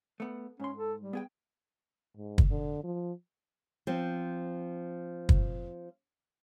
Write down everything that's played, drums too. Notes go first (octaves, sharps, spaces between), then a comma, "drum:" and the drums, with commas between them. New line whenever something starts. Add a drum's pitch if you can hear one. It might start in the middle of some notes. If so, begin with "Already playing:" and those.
A3 B3
G#2 C#4 C6
A4
G3
B3 G#4 G5
G#2
drum: kick
D3
F3
F3 C4
drum: kick